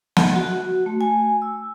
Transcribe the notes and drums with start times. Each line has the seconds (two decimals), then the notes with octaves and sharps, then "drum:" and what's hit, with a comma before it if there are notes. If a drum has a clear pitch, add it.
0.17 F#5, drum: snare
0.36 F#4
0.86 A3
1.01 G#5
1.42 E6